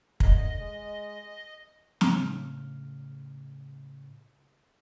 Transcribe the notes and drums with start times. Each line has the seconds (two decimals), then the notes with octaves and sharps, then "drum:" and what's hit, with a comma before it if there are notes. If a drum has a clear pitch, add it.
0.20 D3 A3 D#5, drum: kick
0.59 G#3
2.01 A2 C#3 F6, drum: snare